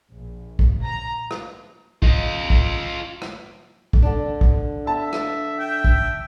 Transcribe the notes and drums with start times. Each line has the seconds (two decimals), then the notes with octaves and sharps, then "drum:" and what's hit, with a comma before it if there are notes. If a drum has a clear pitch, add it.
0.15 A#1
0.59 drum: kick
0.85 A#5
1.31 drum: rim click
2.02 F4 D#5, drum: kick
2.50 drum: kick
3.22 drum: rim click
3.93 drum: kick
4.02 D3 D4
4.41 drum: kick
4.87 E5 A5
5.13 drum: rim click
5.59 G5
5.84 drum: kick